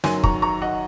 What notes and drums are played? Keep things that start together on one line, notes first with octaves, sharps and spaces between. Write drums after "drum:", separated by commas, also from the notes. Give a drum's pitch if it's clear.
F#2 D#3 F#3 G#5 C6, drum: snare
A#5 C#6, drum: kick
A#5 C#6
D#5 F#5